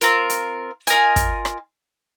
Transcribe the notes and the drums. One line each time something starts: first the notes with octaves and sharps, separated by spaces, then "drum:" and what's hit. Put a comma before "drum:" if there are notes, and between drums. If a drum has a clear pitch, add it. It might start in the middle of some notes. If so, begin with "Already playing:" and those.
C4 F4 A#4, drum: hi-hat
drum: hi-hat
F4 A#4 D#5 G#5, drum: hi-hat
drum: kick, hi-hat
drum: rim click